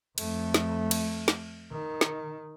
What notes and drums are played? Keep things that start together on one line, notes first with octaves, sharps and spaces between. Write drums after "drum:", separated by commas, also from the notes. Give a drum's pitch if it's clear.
F2 A3, drum: cymbal
drum: snare
drum: cymbal
drum: snare
D#3
drum: snare